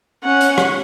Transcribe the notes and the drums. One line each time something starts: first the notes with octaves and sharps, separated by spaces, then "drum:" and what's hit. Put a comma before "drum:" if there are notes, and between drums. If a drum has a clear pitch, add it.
C#4 F#5
drum: hi-hat
drum: rim click